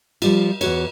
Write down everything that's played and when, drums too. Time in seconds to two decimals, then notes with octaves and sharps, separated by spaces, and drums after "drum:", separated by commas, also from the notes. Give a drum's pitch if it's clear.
0.22 F3 G3 F4, drum: cymbal
0.61 E2 F#4 C#5, drum: cymbal